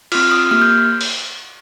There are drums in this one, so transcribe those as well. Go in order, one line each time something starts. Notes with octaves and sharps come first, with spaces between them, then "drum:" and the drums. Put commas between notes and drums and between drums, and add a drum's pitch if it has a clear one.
C4 F4 F6, drum: cymbal
D#6
A#3 G4 F6
G6
drum: open hi-hat